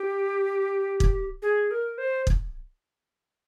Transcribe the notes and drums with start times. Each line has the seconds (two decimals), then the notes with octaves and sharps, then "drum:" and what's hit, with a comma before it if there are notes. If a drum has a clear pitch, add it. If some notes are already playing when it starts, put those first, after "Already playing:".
Already playing: G4
1.00 drum: kick
1.42 G#4
1.71 A#4
1.98 C5
2.27 drum: kick